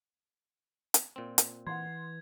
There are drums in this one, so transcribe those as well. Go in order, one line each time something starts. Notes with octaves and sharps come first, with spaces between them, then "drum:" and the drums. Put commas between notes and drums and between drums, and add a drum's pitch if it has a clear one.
drum: hi-hat
A#2 C4
drum: hi-hat
E3 F#5 C6 G#6